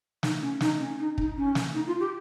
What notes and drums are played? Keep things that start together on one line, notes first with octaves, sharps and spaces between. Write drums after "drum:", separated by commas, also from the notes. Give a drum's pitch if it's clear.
D#4, drum: snare
C#4
D#4, drum: snare
C#4
D#4
D#4, drum: kick
C#4
drum: snare
D#4
F4
G4